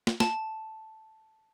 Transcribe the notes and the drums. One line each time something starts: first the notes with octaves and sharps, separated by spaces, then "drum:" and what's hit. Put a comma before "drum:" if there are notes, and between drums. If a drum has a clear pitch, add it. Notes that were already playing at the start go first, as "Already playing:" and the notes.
drum: snare
A5, drum: snare